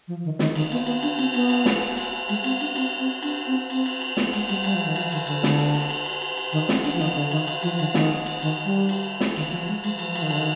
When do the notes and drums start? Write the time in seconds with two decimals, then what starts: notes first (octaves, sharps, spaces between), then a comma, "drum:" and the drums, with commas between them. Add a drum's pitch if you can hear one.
0.08 F3
0.24 D#3
0.39 D#3, drum: snare
0.55 D#3, drum: cymbal
0.72 B3, drum: cymbal
0.86 B3, drum: cymbal
1.03 D4, drum: cymbal
1.19 C4, drum: cymbal
1.34 B3, drum: cymbal
1.50 drum: cymbal
1.66 drum: snare
1.81 drum: cymbal
1.97 drum: cymbal
2.29 G#3, drum: cymbal
2.44 C4, drum: cymbal
2.61 D4, drum: cymbal
2.76 C4, drum: cymbal
3.00 C4
3.23 D4, drum: cymbal
3.47 C4
3.70 C4, drum: cymbal
3.86 drum: cymbal
4.02 drum: cymbal
4.17 B3, drum: snare
4.33 G#3, drum: cymbal
4.49 G3, drum: cymbal
4.64 G3, drum: cymbal
4.75 F3
4.85 D#3
4.96 F3, drum: cymbal
5.12 D#3, drum: cymbal
5.27 D3, drum: cymbal
5.43 D3, drum: snare
5.59 drum: cymbal
5.75 drum: cymbal
5.90 drum: cymbal
6.06 drum: cymbal
6.22 drum: cymbal
6.37 drum: cymbal
6.53 D#3, drum: cymbal
6.69 C4, drum: snare
6.84 D4, drum: cymbal
6.95 F3
7.01 D#3, drum: cymbal
7.16 D3
7.31 D#3, drum: cymbal
7.48 drum: cymbal
7.63 F3, drum: cymbal
7.79 D#3, drum: cymbal
7.94 D#3, drum: snare
8.26 drum: cymbal
8.42 D#3, drum: cymbal
8.65 G3
8.89 drum: cymbal
9.21 drum: snare
9.36 D#3, drum: cymbal
9.48 D#3
9.52 F3
9.68 G#3
9.84 G#3, drum: cymbal
9.99 F3, drum: cymbal
10.16 F3, drum: cymbal
10.22 D#3
10.31 D3, drum: cymbal
10.38 D#3